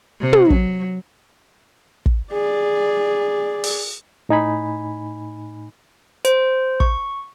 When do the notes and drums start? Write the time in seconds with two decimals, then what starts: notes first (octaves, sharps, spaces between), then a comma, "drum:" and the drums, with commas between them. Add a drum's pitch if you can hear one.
0.20 C3
0.33 drum: tom
0.50 F#3, drum: kick
2.06 drum: kick
2.32 G#4 D5
3.64 drum: open hi-hat
4.29 A2 D#4 G#5 B5
6.25 C5, drum: hi-hat
6.80 C#6, drum: kick